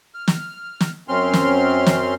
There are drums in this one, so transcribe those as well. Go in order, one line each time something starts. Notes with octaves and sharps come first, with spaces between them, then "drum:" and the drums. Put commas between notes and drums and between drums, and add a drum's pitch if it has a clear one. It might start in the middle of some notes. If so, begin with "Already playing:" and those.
F6
drum: snare
drum: snare
F#2 C4 C#4 C6 F6
drum: snare
drum: snare